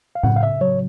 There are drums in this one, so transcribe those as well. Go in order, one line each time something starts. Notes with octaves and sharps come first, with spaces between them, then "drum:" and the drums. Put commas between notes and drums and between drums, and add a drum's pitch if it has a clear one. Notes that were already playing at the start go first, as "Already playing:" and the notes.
F5
C#3 F#5, drum: tom A2
F5
E5
F#3 C#5